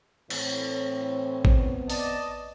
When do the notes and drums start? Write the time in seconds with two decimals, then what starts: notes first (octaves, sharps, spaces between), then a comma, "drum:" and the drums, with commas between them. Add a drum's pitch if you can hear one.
0.30 A2 E3 C4 C#5, drum: cymbal
1.45 drum: kick A1
1.56 B3
1.90 D5 D#5 A5, drum: open hi-hat